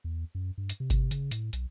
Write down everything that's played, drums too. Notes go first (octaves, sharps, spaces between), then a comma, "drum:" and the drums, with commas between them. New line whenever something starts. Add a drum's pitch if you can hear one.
E2
F#2
G2
drum: hi-hat
C3
drum: kick G1, hi-hat
C#3, drum: hi-hat
A2, drum: hi-hat
B1, drum: hi-hat